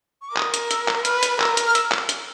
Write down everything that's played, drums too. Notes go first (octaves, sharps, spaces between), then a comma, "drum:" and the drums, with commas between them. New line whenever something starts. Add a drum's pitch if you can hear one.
C#6
D6
A#4 D#6, drum: clap
drum: hi-hat
E6, drum: hi-hat
drum: clap
B4 F6, drum: hi-hat
drum: hi-hat
A#4 E6, drum: clap
drum: hi-hat
F6
E6, drum: hi-hat
drum: clap
drum: hi-hat